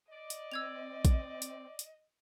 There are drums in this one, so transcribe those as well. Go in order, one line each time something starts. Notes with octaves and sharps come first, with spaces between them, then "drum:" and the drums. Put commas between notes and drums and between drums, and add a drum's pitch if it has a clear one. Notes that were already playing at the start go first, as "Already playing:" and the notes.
D5 D#5
drum: hi-hat
C4 E6 G#6 F7
drum: kick, hi-hat
drum: hi-hat
drum: hi-hat